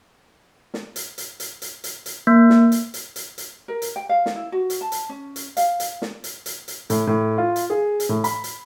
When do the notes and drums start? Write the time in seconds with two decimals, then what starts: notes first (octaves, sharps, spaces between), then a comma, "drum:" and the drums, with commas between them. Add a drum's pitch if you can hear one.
0.74 drum: snare
0.96 drum: hi-hat
1.18 drum: hi-hat
1.40 drum: hi-hat
1.62 drum: hi-hat
1.84 drum: hi-hat
2.06 drum: hi-hat
2.27 A#3
2.50 drum: snare
2.72 drum: hi-hat
2.94 drum: hi-hat
3.16 drum: hi-hat
3.38 drum: hi-hat
3.68 A#4
3.82 drum: hi-hat
3.96 G5
4.09 F5
4.26 drum: snare
4.36 E4
4.52 F#4
4.70 drum: hi-hat
4.81 A5
4.92 drum: hi-hat
5.09 C#4
5.36 drum: hi-hat
5.57 F5, drum: hi-hat
5.80 drum: hi-hat
6.02 drum: snare
6.24 drum: hi-hat
6.46 drum: hi-hat
6.68 drum: hi-hat
6.90 A2, drum: hi-hat
7.07 A2
7.38 F4
7.56 drum: hi-hat
7.70 G#4
8.00 drum: hi-hat
8.09 A2
8.24 B5, drum: hi-hat
8.44 drum: hi-hat